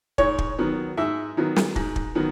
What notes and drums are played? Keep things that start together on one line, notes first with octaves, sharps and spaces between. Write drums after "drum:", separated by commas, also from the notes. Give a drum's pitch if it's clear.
G#2 C#5, drum: kick
drum: kick
D#3 F#3 B3
G#2 E5
D#3 F#3 B3
drum: snare
G#2, drum: kick
drum: kick
D#3 F#3 B3